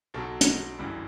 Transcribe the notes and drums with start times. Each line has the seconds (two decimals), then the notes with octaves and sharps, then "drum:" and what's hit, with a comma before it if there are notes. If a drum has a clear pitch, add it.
0.14 B1 B2 F#3 A4
0.41 drum: hi-hat
0.79 G1 F#2 E3 G3